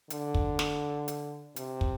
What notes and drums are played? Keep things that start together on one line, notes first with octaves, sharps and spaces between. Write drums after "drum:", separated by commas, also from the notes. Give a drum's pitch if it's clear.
D3, drum: hi-hat
drum: kick
drum: snare
drum: hi-hat
C3, drum: hi-hat
drum: kick